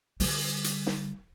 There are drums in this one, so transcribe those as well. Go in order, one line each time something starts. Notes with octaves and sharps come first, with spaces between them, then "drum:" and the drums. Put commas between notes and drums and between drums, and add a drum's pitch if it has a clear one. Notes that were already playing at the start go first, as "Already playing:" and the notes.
D3 G3, drum: open hi-hat
drum: hi-hat
drum: snare